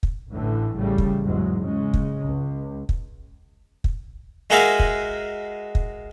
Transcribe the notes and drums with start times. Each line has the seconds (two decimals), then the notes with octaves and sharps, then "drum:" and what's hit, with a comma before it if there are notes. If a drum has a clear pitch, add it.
0.03 drum: kick
0.31 A1 A2 D3 E3
0.74 A1 A2 C#3 G3
0.98 drum: kick
1.24 E2 G#2 F#3 G#3
1.61 C#3 G#3
1.94 drum: kick
2.27 C#2
2.89 drum: kick
3.84 drum: kick
4.50 G#3 F#4 G#4 A#4 E5 F5
4.79 drum: kick
5.75 drum: kick